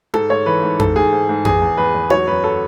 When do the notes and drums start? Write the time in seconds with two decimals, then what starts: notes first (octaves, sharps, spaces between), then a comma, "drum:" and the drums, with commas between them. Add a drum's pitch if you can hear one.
0.14 G#2 A4, drum: tom D#4
0.30 G#2 C#5
0.46 E3 B4
0.63 G#2
0.79 G#2 A4, drum: tom F2
0.96 G#2 G#4
1.12 G#2
1.29 G#2
1.45 E2 G#4, drum: tom F2
1.62 E2
1.77 E2 B4
1.95 E2
2.10 F#3 C#5, drum: tom D#4
2.27 F#2 B4
2.44 F#3 A4